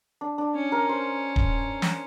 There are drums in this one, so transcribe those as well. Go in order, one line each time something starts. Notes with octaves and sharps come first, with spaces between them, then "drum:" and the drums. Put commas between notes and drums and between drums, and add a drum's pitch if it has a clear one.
D4
D4
C#4
A#4
C5
drum: kick D#1
drum: snare